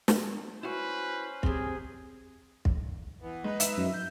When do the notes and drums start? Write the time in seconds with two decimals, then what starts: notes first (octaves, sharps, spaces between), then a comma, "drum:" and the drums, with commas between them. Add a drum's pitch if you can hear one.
0.08 drum: snare
0.63 C#4 E4 F#4 B4 C5
1.43 C3 C4 G#4, drum: kick
2.65 drum: kick
3.22 E3 B3
3.44 G#3 D#4 B4
3.60 E5 E7, drum: hi-hat
3.77 F#2
3.94 G6